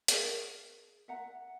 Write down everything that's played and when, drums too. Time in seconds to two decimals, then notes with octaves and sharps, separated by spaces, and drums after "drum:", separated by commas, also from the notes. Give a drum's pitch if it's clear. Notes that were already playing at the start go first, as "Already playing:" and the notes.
0.08 G#4 A#4, drum: hi-hat
1.08 E5 F#5 A#5